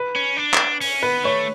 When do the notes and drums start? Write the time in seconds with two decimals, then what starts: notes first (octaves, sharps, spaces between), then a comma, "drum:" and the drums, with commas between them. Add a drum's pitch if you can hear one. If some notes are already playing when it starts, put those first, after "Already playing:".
Already playing: B4
0.16 C#4
0.37 D4
0.54 drum: clap
0.81 C#4, drum: open hi-hat
1.03 B3 B4
1.24 A3 C#5